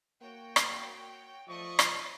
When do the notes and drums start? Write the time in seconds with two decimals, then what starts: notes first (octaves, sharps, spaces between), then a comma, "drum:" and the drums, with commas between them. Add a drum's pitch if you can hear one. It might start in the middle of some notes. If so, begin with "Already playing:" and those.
0.21 A#3 F#4 C#5 G5
0.56 drum: rim click
1.48 F3 A3 D5 D#5 C#6 D#6
1.79 drum: rim click